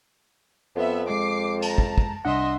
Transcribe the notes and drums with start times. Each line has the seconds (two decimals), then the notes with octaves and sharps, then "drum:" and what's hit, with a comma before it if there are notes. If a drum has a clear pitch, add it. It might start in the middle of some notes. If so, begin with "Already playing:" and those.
0.76 F2 B3 E5
1.10 G#3 D6 C7
1.62 A5 A#5, drum: cymbal
1.78 drum: kick
1.98 drum: kick
2.25 C2 D4 D#5 E5 F#5 C6